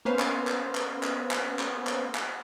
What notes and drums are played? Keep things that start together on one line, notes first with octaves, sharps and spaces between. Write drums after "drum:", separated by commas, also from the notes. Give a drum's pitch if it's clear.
A#3 B3 C#4 B4 C5 F5
drum: clap
drum: clap
drum: clap
drum: clap
drum: clap
drum: clap
drum: clap
drum: clap